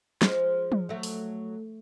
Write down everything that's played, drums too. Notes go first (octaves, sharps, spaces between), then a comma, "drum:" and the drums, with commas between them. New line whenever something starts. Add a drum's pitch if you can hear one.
F3 G#3, drum: snare
drum: tom
F#3 A3
drum: open hi-hat